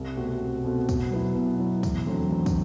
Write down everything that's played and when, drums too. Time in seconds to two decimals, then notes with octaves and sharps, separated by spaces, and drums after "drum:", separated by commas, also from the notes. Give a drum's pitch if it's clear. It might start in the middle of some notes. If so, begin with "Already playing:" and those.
Already playing: C2
0.17 B2 A3 C4 F#4
0.41 C2
0.64 B2 A3 C4 F#4
0.89 B2, drum: kick, tambourine
1.11 F#3 B3 E4
1.35 B2
1.59 F#3 B3 E4
1.83 E2, drum: kick, tambourine
2.06 D3 F#3 A3 C4
2.31 E2
2.46 drum: kick, tambourine